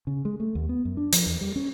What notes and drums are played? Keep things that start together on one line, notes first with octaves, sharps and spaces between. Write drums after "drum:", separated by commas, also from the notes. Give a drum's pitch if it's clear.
C#3
G#3
A3
D#2
B3
F#2
D4
F3, drum: hi-hat
E2
G3
C#4